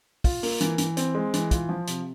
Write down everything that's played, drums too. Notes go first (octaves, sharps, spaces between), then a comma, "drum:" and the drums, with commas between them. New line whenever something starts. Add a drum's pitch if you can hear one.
F4, drum: kick, open hi-hat
A#3, drum: open hi-hat
E3, drum: hi-hat
E3, drum: hi-hat
C4, drum: hi-hat
G#3
E3, drum: hi-hat
F4, drum: kick, hi-hat
F3
C3, drum: hi-hat